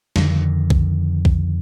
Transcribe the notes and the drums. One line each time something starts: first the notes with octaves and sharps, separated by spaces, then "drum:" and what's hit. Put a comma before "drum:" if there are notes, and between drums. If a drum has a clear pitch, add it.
F2 D3 D#3, drum: snare
drum: kick B1
drum: kick B1